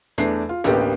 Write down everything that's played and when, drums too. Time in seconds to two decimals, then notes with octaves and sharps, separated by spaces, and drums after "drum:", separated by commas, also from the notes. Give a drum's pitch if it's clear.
0.18 E2 A3 D4 C7, drum: hi-hat
0.49 F4
0.64 A1 D2 A#3 B3 G4, drum: hi-hat